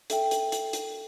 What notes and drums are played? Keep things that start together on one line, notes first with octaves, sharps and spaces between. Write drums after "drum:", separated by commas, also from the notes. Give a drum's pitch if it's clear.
A4 E5 G5, drum: hi-hat
drum: hi-hat
drum: hi-hat
drum: hi-hat